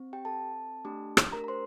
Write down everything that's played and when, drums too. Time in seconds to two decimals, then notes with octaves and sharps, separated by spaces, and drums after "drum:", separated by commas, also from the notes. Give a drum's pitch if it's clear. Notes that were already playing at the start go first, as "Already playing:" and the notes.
Already playing: C4
0.13 G4 G5
0.25 A4 A5
0.85 A3 D4 G4
1.17 drum: rim click
1.32 A#4 A#5
1.44 A#5
1.48 C5 C6